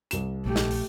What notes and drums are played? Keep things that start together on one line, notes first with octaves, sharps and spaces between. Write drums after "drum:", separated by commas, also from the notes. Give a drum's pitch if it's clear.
C2 E7, drum: hi-hat
A#1 A3 G4
drum: snare
drum: open hi-hat